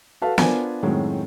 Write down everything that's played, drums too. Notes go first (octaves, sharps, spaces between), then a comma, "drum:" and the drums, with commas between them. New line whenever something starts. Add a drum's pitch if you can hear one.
F#4 A4 B4 F5 A5
B3 D4 F4 A#4 C5 G#5, drum: snare
F#2 A2 D#3 F#3 G#3 C4